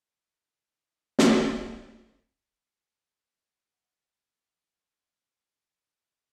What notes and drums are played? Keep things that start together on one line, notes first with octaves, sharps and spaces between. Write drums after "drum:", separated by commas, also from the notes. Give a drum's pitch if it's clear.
G2 D#3 G#3 D#4 E4 D#5
drum: snare
D#5 E5 F#5